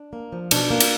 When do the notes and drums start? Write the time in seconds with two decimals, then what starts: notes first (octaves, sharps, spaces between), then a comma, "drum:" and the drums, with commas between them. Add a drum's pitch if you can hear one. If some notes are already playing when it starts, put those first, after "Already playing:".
Already playing: D4
0.13 A#3
0.32 F3
0.51 B2 D4, drum: cymbal
0.71 A#3
0.80 drum: cymbal